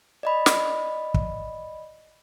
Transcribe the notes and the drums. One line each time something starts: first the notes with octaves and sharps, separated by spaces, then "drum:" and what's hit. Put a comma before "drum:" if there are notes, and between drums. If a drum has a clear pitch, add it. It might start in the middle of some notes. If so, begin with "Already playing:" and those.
D5 D#5 B5
drum: snare
drum: kick